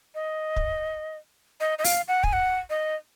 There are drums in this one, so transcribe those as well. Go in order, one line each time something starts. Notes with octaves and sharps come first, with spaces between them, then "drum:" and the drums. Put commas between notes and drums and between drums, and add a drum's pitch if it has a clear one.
D#5
drum: kick
D#5
D#5
F5, drum: open hi-hat
F#5
G#5, drum: kick
F#5
D#5